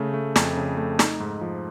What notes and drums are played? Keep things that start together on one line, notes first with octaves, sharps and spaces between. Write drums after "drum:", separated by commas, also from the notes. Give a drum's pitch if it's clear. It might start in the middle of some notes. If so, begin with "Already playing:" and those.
Already playing: C#3 A3
A3
F2, drum: snare
C#3
A3
D#4, drum: snare
G#2
F3